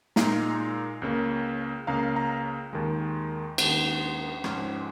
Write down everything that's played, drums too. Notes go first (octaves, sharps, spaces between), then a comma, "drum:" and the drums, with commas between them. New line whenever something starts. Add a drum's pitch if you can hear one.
A#2 G#3 D#4 F5 A#5, drum: snare
C#2 C#3 A#3
C#2 C#3 A#3 F5 A#5
F5 A#5
D#2 D#3 G#3
D#2 D#3 G#3, drum: cymbal
G#2 F3 G#3 C#4, drum: rim click